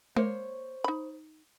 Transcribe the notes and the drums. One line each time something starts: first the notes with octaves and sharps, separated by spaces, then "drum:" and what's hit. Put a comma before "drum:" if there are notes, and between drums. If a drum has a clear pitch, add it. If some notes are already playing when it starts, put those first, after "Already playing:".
A#3 C5 C#5, drum: tom G#3
D#4 B5